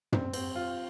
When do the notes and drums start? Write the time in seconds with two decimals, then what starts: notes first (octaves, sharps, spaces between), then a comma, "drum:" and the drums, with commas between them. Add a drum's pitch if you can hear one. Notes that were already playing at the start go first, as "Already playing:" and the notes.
0.12 C4, drum: tom
0.33 C4, drum: cymbal
0.56 F4